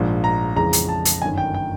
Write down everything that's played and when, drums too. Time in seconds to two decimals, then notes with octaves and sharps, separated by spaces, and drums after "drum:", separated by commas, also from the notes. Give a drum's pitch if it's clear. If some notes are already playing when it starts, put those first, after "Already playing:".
Already playing: A#1 G#2 F3
0.24 A#5
0.56 F2 C#3 E3 G#3 A#5
0.73 drum: hi-hat
0.89 A5
1.05 drum: hi-hat
1.22 G1 F#2 D#3 G#5
1.38 G5
1.54 G5